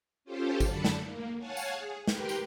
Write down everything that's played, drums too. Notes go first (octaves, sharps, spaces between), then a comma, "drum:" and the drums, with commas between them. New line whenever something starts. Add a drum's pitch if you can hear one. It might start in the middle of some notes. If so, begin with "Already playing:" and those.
C#4 F4 G4 A4 C5
F#2 D3 D4 A5 B5 C#7, drum: kick G#1, tambourine
drum: snare
A#3
C#5 F5 F#5 G#5 A5
drum: tambourine
G#4
G4 A#4 B4 G5 C6, drum: snare
drum: tambourine